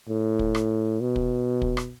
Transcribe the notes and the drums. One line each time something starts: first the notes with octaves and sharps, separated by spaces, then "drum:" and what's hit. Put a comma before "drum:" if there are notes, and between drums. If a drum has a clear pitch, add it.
A2
drum: kick
drum: rim click
B2
drum: kick
drum: kick
drum: rim click